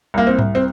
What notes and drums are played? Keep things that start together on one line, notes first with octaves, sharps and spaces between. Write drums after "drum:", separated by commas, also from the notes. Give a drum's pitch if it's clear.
C2 A#3
C4
C2, drum: tom G#2
C4